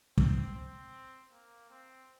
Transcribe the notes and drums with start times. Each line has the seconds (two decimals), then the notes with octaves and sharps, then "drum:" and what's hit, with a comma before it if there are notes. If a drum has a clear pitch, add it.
0.18 C4, drum: kick
0.56 C4
1.32 A#3
1.70 C4